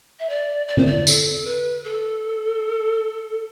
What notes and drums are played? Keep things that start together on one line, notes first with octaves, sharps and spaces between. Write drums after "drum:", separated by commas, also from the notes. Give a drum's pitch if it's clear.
E5
D5
D5
C5, drum: tom D3
D5
A4, drum: tambourine
B4
A4